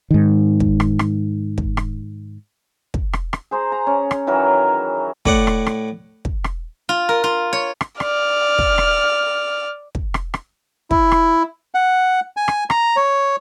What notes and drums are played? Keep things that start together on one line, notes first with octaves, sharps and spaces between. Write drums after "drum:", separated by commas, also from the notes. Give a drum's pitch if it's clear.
G#2 D#3
drum: kick
drum: rim click
drum: rim click
drum: kick
drum: rim click
drum: kick
drum: rim click
drum: rim click
G#4 C5 A#5
A#5
C#4
drum: rim click
D#3 E3 F#3 A#4
A2 D5 F#5, drum: kick
drum: rim click
drum: rim click
drum: kick
drum: rim click
F4
A#4
F4
C#5
drum: rim click
D5 F6, drum: rim click
drum: kick
drum: rim click
drum: kick
drum: rim click
drum: rim click
E4, drum: kick
drum: rim click
F#5
G#5
drum: rim click
A#5, drum: rim click
C#5